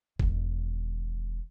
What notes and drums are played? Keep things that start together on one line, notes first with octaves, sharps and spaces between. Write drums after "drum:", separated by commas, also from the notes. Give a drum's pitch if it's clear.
E1 D#3, drum: kick G1